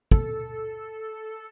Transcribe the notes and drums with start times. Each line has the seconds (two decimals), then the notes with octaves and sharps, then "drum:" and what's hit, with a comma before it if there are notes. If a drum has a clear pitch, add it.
0.12 A4, drum: kick